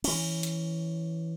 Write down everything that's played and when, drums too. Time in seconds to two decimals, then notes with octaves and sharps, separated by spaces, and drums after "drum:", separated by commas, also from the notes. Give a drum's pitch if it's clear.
0.04 E3 C#4, drum: cymbal
0.43 drum: hi-hat